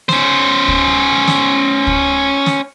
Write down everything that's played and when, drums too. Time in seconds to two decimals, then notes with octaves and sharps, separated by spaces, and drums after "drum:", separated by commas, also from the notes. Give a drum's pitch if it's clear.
0.09 C#4 C5, drum: snare
0.68 drum: kick
1.28 drum: snare
1.87 drum: kick
2.46 drum: snare